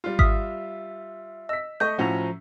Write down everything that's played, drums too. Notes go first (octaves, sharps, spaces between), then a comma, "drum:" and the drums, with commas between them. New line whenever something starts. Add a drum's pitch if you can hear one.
G3 F4
E5 D#6 F6 B6, drum: kick G#1
D#5 E6 B6
A3 D#5 C#6 G6
A2 F3 C#4 F#4 A#5